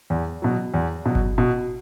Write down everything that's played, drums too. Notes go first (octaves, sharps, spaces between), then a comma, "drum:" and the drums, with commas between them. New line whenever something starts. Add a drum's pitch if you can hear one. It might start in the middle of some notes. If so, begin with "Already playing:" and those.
E2
B2 F#3
E2
B2 F#3
drum: kick G1
B2